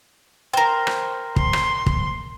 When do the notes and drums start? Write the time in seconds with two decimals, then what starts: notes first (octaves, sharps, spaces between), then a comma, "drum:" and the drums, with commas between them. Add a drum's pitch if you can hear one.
0.53 A#4 C5 G5
0.87 drum: rim click
1.36 C6, drum: kick
1.53 drum: rim click
1.86 drum: kick